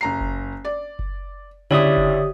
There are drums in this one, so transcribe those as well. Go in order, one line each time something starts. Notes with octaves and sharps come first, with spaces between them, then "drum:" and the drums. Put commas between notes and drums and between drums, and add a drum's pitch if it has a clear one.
F#1 A#5 C7
drum: kick F#1
D5
drum: kick F#1
C#2 D3 E4 G4 C#5 D5 E5 D#6
drum: kick F#1